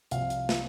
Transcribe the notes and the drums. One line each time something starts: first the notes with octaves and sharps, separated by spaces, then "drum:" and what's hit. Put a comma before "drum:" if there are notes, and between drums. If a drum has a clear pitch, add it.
C2 C3 F3 F5, drum: hi-hat
drum: hi-hat
drum: snare